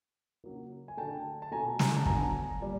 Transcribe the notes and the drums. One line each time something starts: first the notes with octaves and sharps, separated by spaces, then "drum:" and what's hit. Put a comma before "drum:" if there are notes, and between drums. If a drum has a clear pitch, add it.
C#3 F#3 A#3
G#5
D3 F#3 A3 G5 A5
A5
B2 F#3 A3 G#5 A#5
G#5 A#5, drum: snare
A5
D3 F#3 B3 G#5 A#5, drum: kick
A#2 G3